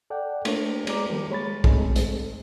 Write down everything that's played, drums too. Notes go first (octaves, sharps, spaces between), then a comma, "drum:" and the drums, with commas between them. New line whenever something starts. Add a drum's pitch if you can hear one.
A4 D5 F#5 G5
A3 A#3 D4 C#5, drum: cymbal
G#3 B3 D5 A#5 D6, drum: cymbal
D#3 F3 G3 A#3
G#3 C#5 B5 A6
G#3 A3 C4 D#4 G#4 A4, drum: kick
drum: hi-hat